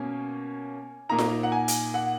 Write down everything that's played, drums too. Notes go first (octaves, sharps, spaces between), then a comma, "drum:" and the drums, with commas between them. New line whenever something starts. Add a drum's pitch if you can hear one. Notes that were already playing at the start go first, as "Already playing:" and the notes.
Already playing: B2 A#3 C#4 G#5
A#2 A#3 D#4 A#5
drum: snare F4
F#5
G#5
drum: hi-hat
F#5